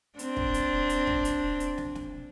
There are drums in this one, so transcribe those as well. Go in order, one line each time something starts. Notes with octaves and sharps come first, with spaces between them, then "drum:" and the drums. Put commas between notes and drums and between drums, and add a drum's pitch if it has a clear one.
C4 D4, drum: hi-hat
drum: kick
drum: hi-hat
drum: hi-hat
drum: kick
drum: hi-hat
drum: hi-hat
drum: snare
drum: snare